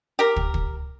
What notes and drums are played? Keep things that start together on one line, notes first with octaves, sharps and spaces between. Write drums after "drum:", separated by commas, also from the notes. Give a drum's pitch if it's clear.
G4 A#4
drum: kick
drum: kick